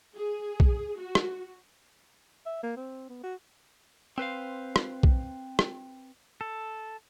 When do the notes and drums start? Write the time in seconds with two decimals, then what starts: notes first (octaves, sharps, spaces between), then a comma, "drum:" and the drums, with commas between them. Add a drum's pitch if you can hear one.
0.16 G#4
0.60 drum: kick B1
1.00 F#4
1.15 drum: rim click
2.46 E5
2.63 A#3
2.77 C4
3.09 B3
3.23 F#4
4.18 C4 B4 C5 F5
4.76 drum: rim click
5.03 drum: kick B1
5.59 drum: rim click
6.41 A4